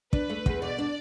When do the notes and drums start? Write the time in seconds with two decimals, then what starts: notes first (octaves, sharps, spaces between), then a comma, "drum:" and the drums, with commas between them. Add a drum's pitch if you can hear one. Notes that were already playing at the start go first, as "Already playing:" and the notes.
0.13 D4 B4, drum: kick
0.30 A3
0.46 E2, drum: kick
0.62 B2 D5
0.78 D4